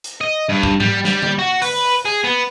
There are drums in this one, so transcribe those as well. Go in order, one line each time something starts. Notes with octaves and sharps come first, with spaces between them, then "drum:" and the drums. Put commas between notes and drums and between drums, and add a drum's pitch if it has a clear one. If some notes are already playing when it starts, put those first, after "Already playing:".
drum: hi-hat
D#5
G2
drum: kick
G3, drum: tom G#2
G3, drum: snare
drum: tom D3
F#4
B4, drum: open hi-hat
G#4
B3